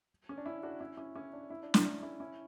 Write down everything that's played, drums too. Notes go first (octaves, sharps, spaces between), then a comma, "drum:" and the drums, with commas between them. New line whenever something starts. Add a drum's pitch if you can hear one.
C#4
D4
C#4 E4
D4 F#4
C#4 E4
C#4 E4
C#4 E4
D4
C#4 E4
D4
C#4, drum: snare
D4
C#4 E4
C#4 E4